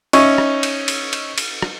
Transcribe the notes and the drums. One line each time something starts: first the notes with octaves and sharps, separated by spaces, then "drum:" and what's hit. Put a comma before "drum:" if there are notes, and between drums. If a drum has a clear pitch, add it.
C#4 D#4 E5 C#6, drum: cymbal
drum: rim click
drum: cymbal
drum: cymbal
drum: cymbal
drum: cymbal
drum: rim click